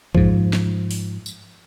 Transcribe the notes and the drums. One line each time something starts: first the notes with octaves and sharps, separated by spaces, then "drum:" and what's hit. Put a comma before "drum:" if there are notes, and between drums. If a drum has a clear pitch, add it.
G#2 F3, drum: kick
drum: snare
drum: open hi-hat
drum: tambourine